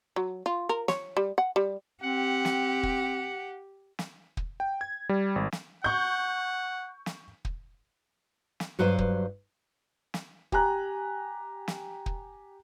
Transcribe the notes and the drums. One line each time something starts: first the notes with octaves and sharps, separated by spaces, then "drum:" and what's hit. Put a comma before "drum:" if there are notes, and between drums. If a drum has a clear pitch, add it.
F#3
F4
A#4
C#5, drum: snare
G3
F#5
G3
C4 G4 F#5
drum: snare
drum: kick
drum: snare
drum: kick
G5
G#6
G3
G#1
drum: snare
F#5 C#6 G6
drum: snare
drum: kick
drum: snare
G2 F#3 B4 C5 F5
drum: kick
drum: snare
G4 G#5 A#5 F#6, drum: kick
drum: snare
drum: kick